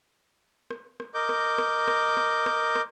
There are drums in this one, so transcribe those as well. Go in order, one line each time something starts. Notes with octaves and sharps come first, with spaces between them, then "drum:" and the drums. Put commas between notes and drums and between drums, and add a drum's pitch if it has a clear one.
drum: rim click
drum: rim click
A#4 D#5 D6 G6
drum: rim click
drum: rim click
drum: rim click
drum: rim click
drum: rim click
drum: rim click